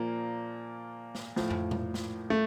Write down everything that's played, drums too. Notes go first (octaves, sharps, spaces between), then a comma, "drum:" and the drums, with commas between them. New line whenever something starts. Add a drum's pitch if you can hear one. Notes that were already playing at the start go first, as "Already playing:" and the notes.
Already playing: A#2 F3 A#3
drum: snare
A2 F3, drum: snare
drum: tom
drum: tom A#2
drum: snare
A3